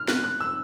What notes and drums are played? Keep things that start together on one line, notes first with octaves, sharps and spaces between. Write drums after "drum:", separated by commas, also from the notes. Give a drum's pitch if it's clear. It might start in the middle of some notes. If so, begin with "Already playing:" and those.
Already playing: F6
F#6, drum: snare
F#6
E6